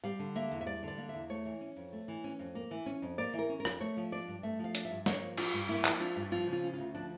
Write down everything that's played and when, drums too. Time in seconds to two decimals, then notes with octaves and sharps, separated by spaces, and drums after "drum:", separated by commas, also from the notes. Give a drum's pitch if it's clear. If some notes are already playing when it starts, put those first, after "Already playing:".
0.04 G3 F5
0.19 D3
0.35 A#3 E5
0.51 E2
0.61 E5
0.66 G3 D5
0.83 D3
0.88 D5
0.98 A#3
1.09 E2 E5
1.29 A3 C#5
1.45 E3
1.61 C#4
1.76 F2
1.93 A3
2.08 E3
2.24 C#4
2.39 F2
2.55 A#3
2.71 E3
2.86 C#4
3.02 F2
3.18 A#3 D5
3.33 E3
3.39 A#4
3.49 C#4
3.60 A#4
3.65 F2, drum: rim click
3.80 A3 C#5
3.97 F3
4.12 D4 D5
4.27 G2
4.43 A3 E5
4.59 F3
4.64 F5
4.75 D4, drum: hi-hat
4.85 E5
4.91 G2
5.06 A#3 C#5, drum: snare
5.22 F3
5.38 D4 F4, drum: cymbal
5.53 G2
5.69 A#3 E4
5.85 F3, drum: clap
6.00 D4 F4
6.16 G2
6.32 F3 F4
6.47 C#3
6.53 F4
6.63 C#4
6.73 D2 F4
6.94 F3 D4